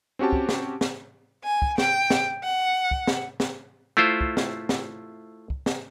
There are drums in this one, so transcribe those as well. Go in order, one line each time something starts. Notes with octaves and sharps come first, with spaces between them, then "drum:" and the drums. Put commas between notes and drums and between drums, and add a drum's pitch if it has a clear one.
C4 C#4 F#4 G4 A5
drum: kick
drum: snare
drum: snare
G#5
drum: kick
G5, drum: snare
drum: snare
F#5
drum: kick
drum: snare
drum: snare
A3 E4 F4 C5
drum: kick
drum: snare
drum: snare
drum: kick
drum: snare